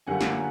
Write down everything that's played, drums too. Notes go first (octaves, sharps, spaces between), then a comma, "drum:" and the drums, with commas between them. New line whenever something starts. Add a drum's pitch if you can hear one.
G1 F#2 D3 G3 A#3 F#5 G#5
drum: snare